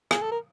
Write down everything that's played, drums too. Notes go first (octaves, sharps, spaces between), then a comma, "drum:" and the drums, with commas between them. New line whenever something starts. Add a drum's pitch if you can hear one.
G#4, drum: rim click
A4
A#4